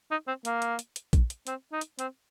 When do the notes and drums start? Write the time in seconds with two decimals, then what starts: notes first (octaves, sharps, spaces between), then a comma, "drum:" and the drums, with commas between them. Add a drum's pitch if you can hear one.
0.11 D#4
0.27 C4
0.45 A#3, drum: hi-hat
0.62 drum: hi-hat
0.79 drum: hi-hat
0.96 drum: hi-hat
1.13 drum: kick A#1, hi-hat
1.30 drum: hi-hat
1.47 C4, drum: hi-hat
1.72 D#4
1.81 drum: hi-hat
1.99 C4, drum: hi-hat